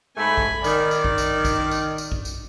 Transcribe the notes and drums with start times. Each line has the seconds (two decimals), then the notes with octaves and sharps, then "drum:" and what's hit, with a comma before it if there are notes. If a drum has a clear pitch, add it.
0.17 G#2 A3 G#5 B5
0.37 drum: kick A#1
0.64 D#3 D5, drum: tambourine
0.91 drum: tambourine
1.04 drum: kick A#1
1.18 drum: tambourine
1.45 drum: kick A#1, tambourine
1.71 drum: tambourine
1.98 drum: tambourine
2.12 drum: kick A#1
2.25 drum: tambourine